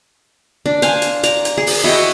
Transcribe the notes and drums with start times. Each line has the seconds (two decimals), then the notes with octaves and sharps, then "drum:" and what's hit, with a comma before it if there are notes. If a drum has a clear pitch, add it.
0.66 D4
0.82 C5 F5 G#5, drum: hi-hat
1.02 drum: hi-hat
1.23 D5 A#5, drum: hi-hat
1.45 drum: hi-hat
1.57 G#4
1.67 drum: open hi-hat
1.84 E4 F#4 D#5 G5